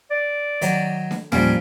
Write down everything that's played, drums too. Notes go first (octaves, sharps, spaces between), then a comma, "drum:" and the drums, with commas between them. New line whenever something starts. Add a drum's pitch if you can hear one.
D5
D#3 F#3, drum: hi-hat
drum: snare D4
F3 G3 A#3 C#4, drum: tom